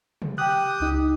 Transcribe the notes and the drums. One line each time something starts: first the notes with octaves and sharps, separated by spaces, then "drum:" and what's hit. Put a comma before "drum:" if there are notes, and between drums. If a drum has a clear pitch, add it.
drum: tom C3
G4 G5 D#6 F#6
C#2 D#4